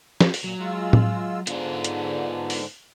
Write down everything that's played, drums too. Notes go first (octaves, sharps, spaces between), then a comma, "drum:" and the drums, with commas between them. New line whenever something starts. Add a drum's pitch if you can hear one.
drum: snare
drum: open hi-hat
A#2 F#3
G#3 F4 E6
drum: tom A2
G#2 D3 B3 F4, drum: hi-hat
drum: hi-hat
drum: open hi-hat